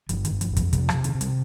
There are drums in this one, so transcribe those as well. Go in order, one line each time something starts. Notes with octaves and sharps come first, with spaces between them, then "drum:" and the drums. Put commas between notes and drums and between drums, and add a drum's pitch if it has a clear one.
G1 F3, drum: hi-hat
D#3, drum: hi-hat
G1
F3, drum: hi-hat
F2
F3, drum: kick, hi-hat
C3 G3, drum: kick, hi-hat
F3, drum: rim click
C3
D#3, drum: hi-hat
C3
G3, drum: hi-hat